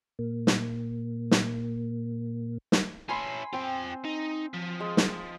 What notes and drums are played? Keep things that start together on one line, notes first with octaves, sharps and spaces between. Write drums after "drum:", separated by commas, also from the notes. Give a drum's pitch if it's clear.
A#2 A#3
drum: snare
drum: snare
drum: snare
C#4 E4 G#5 B5 C6
C4 F4 G5
D#4
F3
G#3
drum: snare